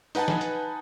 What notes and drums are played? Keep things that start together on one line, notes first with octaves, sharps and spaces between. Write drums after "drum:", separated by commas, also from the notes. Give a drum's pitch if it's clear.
D#4 B4 F#5 G#5 A5, drum: hi-hat
drum: snare
drum: hi-hat